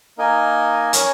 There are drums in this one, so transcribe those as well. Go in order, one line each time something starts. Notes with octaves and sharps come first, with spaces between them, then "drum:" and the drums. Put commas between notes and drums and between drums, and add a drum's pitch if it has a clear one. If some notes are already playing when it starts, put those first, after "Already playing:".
A#3 D#4 A#4 D#5 G#5
C#4 A#4 C#5 G#5, drum: hi-hat